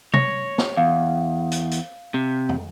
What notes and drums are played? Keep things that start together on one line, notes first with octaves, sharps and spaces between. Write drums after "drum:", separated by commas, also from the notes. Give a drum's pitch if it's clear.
C#5 A#6, drum: tom C3
drum: snare
E2 F5
drum: hi-hat
drum: hi-hat
C3
drum: tom